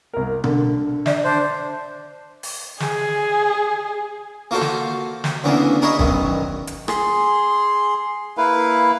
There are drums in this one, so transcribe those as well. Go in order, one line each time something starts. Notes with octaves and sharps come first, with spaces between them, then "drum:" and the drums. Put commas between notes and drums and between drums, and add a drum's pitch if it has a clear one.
C2 A#4
D3, drum: tom B2
D5 E5, drum: snare
D4 C5
drum: open hi-hat
G#4, drum: snare
A#3 F4 F#4 A4 C5
drum: snare
drum: snare
D2 C#3 E3 A#3 B3
G#4 A#4 B4 C#5 D#5 E5
B1 F#2 D#3, drum: kick
drum: hi-hat
G#4 C6, drum: rim click
A#3 E4 B4 F5